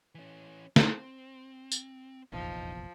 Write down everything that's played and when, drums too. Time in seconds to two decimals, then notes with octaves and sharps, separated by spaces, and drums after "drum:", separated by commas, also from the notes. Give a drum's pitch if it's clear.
0.15 E3 C#4
0.76 C4, drum: snare
1.72 drum: tambourine
2.33 F1 A#1 E2 F3 D#4